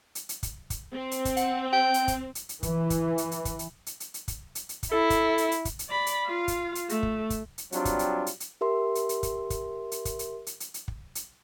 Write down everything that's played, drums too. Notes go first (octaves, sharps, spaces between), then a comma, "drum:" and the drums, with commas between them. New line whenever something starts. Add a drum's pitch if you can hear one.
drum: hi-hat
drum: hi-hat
drum: kick, hi-hat
drum: kick, hi-hat
C4
drum: hi-hat
drum: kick, hi-hat
F#5, drum: hi-hat
G5
drum: hi-hat
drum: kick, hi-hat
drum: hi-hat
drum: hi-hat
E3, drum: kick, hi-hat
drum: kick, hi-hat
drum: hi-hat
drum: hi-hat
drum: kick, hi-hat
drum: hi-hat
drum: hi-hat
drum: hi-hat
drum: hi-hat
drum: kick, hi-hat
drum: hi-hat
drum: hi-hat
drum: kick, hi-hat
E4 A4
drum: kick, hi-hat
drum: hi-hat
drum: hi-hat
drum: kick, hi-hat
drum: hi-hat
D5 B5
drum: hi-hat
F4 F5
drum: kick, hi-hat
drum: hi-hat
A3, drum: hi-hat
drum: kick
drum: kick, hi-hat
drum: hi-hat
F#3 G3 C4 D4 F4, drum: hi-hat
drum: kick, hi-hat
drum: hi-hat
drum: hi-hat
drum: hi-hat
G4 A#4 E5 C6
drum: hi-hat
drum: hi-hat
drum: kick, hi-hat
drum: kick, hi-hat
drum: hi-hat
drum: kick, hi-hat
drum: hi-hat
drum: hi-hat
drum: hi-hat
drum: hi-hat
drum: kick
drum: hi-hat